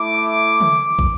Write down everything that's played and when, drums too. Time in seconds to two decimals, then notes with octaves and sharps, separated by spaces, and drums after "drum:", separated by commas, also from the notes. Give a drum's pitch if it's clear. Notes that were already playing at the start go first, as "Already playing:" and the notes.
Already playing: A3 E4 D6
0.61 drum: tom
0.99 drum: kick